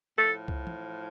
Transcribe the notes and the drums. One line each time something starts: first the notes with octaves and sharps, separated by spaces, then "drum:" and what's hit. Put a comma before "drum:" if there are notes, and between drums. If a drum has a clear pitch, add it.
A2 F3 A4
drum: kick C2
drum: tom